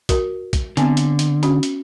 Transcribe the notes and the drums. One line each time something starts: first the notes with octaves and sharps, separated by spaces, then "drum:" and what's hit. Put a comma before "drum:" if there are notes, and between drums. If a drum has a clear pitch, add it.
F#4 A#4, drum: kick, hi-hat
drum: kick, hi-hat
D3 B3 C4 G#5, drum: hi-hat
drum: hi-hat
drum: hi-hat
C#4 F#4, drum: hi-hat
drum: hi-hat